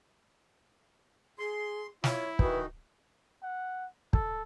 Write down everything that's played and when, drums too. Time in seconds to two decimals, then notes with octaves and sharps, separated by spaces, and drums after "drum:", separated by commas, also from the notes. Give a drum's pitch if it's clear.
1.39 G#4 C6
2.04 E4 F4 C#5, drum: snare
2.39 D#3 E3 D#4 F#4 B4, drum: kick
3.43 F#5
4.13 A4, drum: kick